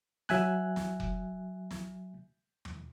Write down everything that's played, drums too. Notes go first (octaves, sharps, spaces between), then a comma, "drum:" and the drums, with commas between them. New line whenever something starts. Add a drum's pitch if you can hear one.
F#3 E5 G#5 F#6, drum: snare
drum: snare
drum: kick F1
drum: snare
drum: tom